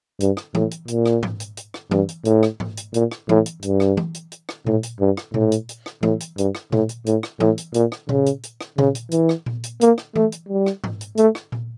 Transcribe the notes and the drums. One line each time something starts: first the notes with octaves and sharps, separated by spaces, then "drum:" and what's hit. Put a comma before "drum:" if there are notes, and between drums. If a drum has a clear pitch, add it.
G2, drum: hi-hat
drum: rim click
A2, drum: tom E3
drum: hi-hat
A#2, drum: hi-hat
drum: rim click
drum: tom G#2
drum: hi-hat
drum: hi-hat
drum: rim click
G2, drum: tom E3
drum: hi-hat
A2, drum: hi-hat
drum: rim click
drum: tom G#2
drum: hi-hat
A#2, drum: hi-hat
drum: rim click
A2, drum: tom E3
drum: hi-hat
G2, drum: hi-hat
drum: rim click
drum: tom E3
drum: hi-hat
drum: hi-hat
drum: rim click
A2, drum: tom A#2
drum: hi-hat
G2
drum: rim click
A2, drum: tom A#2
drum: hi-hat
drum: hi-hat
drum: rim click
A2, drum: tom E3
drum: hi-hat
G2, drum: hi-hat
drum: rim click
A2, drum: tom A#2
drum: hi-hat
A2, drum: hi-hat
drum: rim click
A2, drum: tom E3
drum: hi-hat
A#2, drum: hi-hat
drum: rim click
C#3, drum: tom A#2
drum: hi-hat
drum: hi-hat
drum: rim click
C#3, drum: tom A#2
drum: hi-hat
E3, drum: hi-hat
drum: rim click
drum: tom A#2
drum: hi-hat
A#3, drum: hi-hat
drum: rim click
A3, drum: tom E3
drum: hi-hat
G3
drum: rim click
drum: tom G#2
drum: hi-hat
A3, drum: hi-hat
drum: rim click
drum: tom A#2